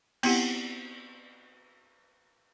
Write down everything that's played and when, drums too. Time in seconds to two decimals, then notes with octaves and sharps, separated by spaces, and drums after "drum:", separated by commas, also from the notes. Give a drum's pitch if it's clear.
0.23 B3 C4 E4 G4 F#5, drum: cymbal